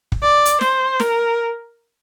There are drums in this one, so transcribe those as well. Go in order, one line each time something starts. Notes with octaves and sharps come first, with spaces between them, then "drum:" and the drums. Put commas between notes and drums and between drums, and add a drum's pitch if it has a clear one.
drum: kick
D5
drum: hi-hat
C5, drum: snare
A#4, drum: snare